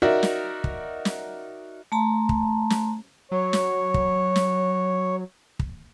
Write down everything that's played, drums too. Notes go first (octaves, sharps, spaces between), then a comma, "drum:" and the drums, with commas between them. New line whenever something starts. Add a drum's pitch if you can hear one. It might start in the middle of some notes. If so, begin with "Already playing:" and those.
D#4 F#4 A#4 D5 E5
drum: snare
drum: kick
drum: snare
A3 A5 A#5 C6
drum: kick
drum: snare
F#3 C#5
drum: snare
drum: kick
drum: snare
drum: kick